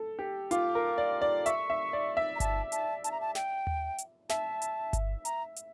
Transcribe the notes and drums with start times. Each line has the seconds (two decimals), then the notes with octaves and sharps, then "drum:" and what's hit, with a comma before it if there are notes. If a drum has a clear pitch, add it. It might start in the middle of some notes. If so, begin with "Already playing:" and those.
Already playing: A4
0.19 G4
0.51 F4 D6, drum: hi-hat
0.75 A#4
0.98 D5
1.22 D5
1.46 E5 C#6, drum: hi-hat
1.70 E5
1.93 D5
2.17 E5
2.36 A#5
2.40 A5, drum: kick G1, hi-hat
2.72 A5, drum: hi-hat
3.04 A5, drum: hi-hat
3.12 A#5
3.21 A5
3.35 G5, drum: snare
3.67 drum: tom D#2
3.98 drum: hi-hat
4.29 E5 A5, drum: snare
4.62 drum: hi-hat
4.93 drum: kick G1, hi-hat
5.25 A#5, drum: hi-hat
5.56 drum: hi-hat